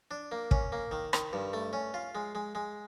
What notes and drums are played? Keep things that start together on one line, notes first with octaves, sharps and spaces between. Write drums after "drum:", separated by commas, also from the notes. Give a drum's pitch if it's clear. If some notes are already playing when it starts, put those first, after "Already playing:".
D4
A#3
C#4, drum: kick
A#3
D#3
D#3, drum: rim click
G2
A3
C#4
F4
G#3
G#3
G#3